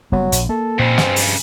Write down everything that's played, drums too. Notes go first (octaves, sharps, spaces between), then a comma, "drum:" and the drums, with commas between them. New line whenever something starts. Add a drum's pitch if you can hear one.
F#1 F#3 G3 B3
A#1, drum: hi-hat
A#3 A4
F2 A#2 C#3 C4
G2, drum: snare
drum: open hi-hat